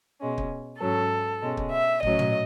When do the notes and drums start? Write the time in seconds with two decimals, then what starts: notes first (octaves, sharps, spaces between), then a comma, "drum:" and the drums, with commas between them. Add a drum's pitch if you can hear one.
0.20 B2 G#3 C#4
0.38 drum: kick
0.80 G#2 F#3 C#4 A4
1.42 B2 G#3 C#4
1.57 drum: kick
1.73 E5
2.03 A2 F#3 C#4 D#5, drum: kick
2.19 drum: tom